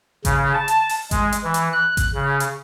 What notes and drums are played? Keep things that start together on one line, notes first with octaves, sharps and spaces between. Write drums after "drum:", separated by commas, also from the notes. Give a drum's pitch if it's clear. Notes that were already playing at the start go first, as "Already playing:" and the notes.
C#3, drum: kick G#1, hi-hat
A5
drum: hi-hat
drum: open hi-hat
G#3, drum: kick G#1, hi-hat
drum: hi-hat
E3
drum: hi-hat
F#6
drum: kick G#1, hi-hat
C#3
drum: hi-hat